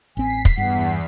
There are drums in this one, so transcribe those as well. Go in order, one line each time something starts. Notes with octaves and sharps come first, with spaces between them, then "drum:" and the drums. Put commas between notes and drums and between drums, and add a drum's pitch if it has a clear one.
A1 C4 G#5 B6 C7
drum: kick
E2 G2 F#5